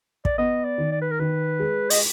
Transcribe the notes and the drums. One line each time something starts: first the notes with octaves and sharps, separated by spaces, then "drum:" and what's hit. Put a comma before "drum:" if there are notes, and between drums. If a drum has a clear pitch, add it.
D5, drum: kick
B3 D#5
D5
D#3
D5
B4
A#4
D#3 B4
G#3
D#5, drum: open hi-hat